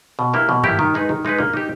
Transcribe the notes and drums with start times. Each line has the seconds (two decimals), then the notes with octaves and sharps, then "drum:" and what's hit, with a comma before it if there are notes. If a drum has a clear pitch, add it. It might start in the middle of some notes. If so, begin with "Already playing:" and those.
0.19 B2
0.33 A#3 E4 G4
0.49 B2
0.64 A#3 E4 G4, drum: tom G2
0.79 D#3
0.94 G#3 D#4 G#4 B4
1.09 D#3
1.25 G#3 D#4 G#4 B4
1.38 A#3
1.53 D#4 G4